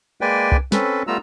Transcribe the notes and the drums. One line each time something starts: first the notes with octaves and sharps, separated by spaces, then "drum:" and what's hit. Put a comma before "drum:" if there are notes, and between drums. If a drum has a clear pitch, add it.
G#3 A#3 B4 D5 G5 G#5
drum: kick C2
C4 C#4 A4 B4, drum: snare
G3 A3 B3 F4 A#5 E6